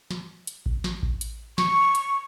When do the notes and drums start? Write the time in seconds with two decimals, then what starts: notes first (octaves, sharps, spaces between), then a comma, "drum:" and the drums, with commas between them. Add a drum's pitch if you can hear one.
0.11 drum: snare
0.47 drum: hi-hat
0.66 drum: kick A1
0.84 drum: snare
1.03 drum: kick A1
1.21 drum: hi-hat
1.58 C#6, drum: snare
1.95 drum: hi-hat